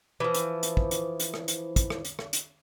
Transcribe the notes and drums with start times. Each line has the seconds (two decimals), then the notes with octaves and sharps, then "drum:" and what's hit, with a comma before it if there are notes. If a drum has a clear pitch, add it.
0.20 E3 F3
0.34 drum: hi-hat
0.63 drum: hi-hat
0.77 drum: kick
0.91 drum: hi-hat
1.20 drum: hi-hat
1.34 drum: rim click
1.48 drum: hi-hat
1.76 drum: kick, hi-hat
1.90 drum: rim click
2.05 drum: hi-hat
2.19 drum: rim click
2.33 drum: hi-hat